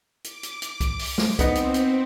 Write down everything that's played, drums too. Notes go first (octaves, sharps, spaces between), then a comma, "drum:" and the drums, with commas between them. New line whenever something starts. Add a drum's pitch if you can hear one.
D6, drum: hi-hat
drum: hi-hat
drum: hi-hat
drum: kick C2, hi-hat
drum: open hi-hat
drum: snare
B3 C4 D#4, drum: kick C2, hi-hat
drum: hi-hat
drum: hi-hat